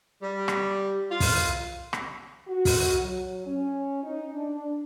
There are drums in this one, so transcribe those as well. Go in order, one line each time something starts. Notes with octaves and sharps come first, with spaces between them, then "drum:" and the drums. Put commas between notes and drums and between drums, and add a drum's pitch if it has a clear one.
G3
drum: rim click
F4
drum: kick, open hi-hat
drum: rim click
F#4
drum: kick, open hi-hat
F#3
C#4
D#4
D4